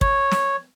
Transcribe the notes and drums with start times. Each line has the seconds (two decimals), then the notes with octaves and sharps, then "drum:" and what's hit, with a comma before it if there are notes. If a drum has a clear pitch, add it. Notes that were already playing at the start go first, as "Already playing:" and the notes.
0.01 C#5, drum: kick
0.31 drum: snare